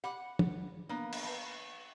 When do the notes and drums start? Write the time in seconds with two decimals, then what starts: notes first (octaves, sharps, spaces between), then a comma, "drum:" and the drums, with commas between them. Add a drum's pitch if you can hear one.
0.04 G4 F#5 B5 D6
0.39 drum: tom
0.89 A#3 B3 D4 F5
1.12 drum: cymbal
1.24 B4 A5 B5